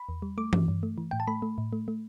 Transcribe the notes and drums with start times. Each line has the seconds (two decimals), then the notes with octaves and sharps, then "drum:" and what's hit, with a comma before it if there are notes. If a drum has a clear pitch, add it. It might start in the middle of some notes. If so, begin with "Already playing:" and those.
Already playing: B5
0.09 E2
0.22 G3
0.38 A3 D6
0.53 G2, drum: tom E3
0.68 G2
0.83 A3
0.98 E3
1.11 A2 G5
1.20 A5
1.27 A3 B5
1.42 A3
1.58 A2
1.73 A3
1.88 A3